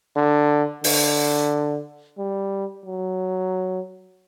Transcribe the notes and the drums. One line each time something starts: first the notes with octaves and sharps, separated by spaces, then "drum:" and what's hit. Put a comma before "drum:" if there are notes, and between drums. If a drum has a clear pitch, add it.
D3
D3, drum: open hi-hat
G3
F#3